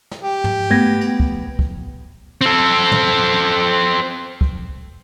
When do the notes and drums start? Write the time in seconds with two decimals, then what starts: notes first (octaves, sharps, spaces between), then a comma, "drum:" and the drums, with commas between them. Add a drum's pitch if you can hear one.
0.11 drum: snare
0.21 G4
0.44 drum: tom
0.71 A3 B3 G#6 A#6
1.01 drum: cymbal
1.20 drum: kick
1.59 drum: kick
2.41 C4 A4
2.92 drum: tom A#2
4.41 drum: kick